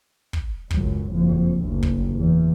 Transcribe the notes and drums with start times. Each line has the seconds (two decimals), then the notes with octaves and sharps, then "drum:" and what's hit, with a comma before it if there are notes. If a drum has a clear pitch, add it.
0.33 drum: kick
0.71 C#2 F#2, drum: kick
1.12 F#1 F2
1.61 F#1 D2
1.83 drum: kick
2.15 E2